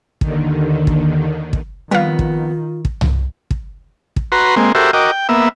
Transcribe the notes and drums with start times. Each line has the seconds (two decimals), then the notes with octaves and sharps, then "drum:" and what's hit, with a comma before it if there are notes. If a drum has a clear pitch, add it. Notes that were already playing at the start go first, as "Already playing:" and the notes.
0.21 D#2 D3 D#3, drum: kick
0.87 drum: kick
1.53 drum: kick
1.91 F2 D#3 G3 B3 F4 F5
2.19 drum: kick
2.85 drum: kick
3.01 drum: tom C2
3.51 drum: kick
4.16 drum: kick
4.32 F#4 B4 A#5 C6
4.56 G#3 A#3 C4
4.75 F#4 G4 A4 A#4 C5 E5
4.93 F#4 A#4 D#5 G5 D6
5.12 G5
5.29 A#3 B3 E5